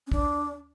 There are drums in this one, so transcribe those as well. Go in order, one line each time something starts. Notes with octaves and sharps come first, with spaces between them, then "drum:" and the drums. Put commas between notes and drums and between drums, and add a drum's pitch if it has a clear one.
C#4
D4, drum: kick